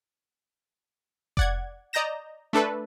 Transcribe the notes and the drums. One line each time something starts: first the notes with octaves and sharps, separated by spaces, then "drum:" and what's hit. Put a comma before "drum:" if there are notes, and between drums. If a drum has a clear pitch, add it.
D5 F#5 G#6, drum: kick F1
D5 D#5 A#5 G6 A#6 E7
A3 D4 A4 B4